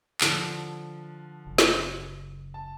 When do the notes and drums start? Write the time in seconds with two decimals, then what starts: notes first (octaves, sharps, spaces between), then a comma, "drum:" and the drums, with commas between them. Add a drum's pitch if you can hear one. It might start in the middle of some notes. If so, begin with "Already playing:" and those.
0.21 D3 F3, drum: clap
1.47 F#1 C#3
1.58 drum: snare
2.54 A5